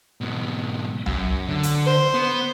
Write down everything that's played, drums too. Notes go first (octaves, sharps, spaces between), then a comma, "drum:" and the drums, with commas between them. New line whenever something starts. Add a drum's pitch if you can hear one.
G#2 B2
F#2, drum: tom C2
D3
drum: hi-hat
C5
B3